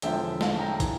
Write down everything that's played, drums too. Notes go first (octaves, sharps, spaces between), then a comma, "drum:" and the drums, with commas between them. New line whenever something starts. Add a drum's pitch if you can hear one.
E1 E2 D3 F3 E5 G5, drum: hi-hat
F5 A5, drum: snare
G5 A#5
E3, drum: kick, hi-hat